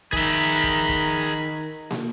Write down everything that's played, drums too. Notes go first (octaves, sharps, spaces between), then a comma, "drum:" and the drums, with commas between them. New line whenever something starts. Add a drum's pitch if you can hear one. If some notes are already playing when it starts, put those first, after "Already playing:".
D#3 G#4 E5 A#5 B5, drum: kick
drum: kick
drum: kick
drum: snare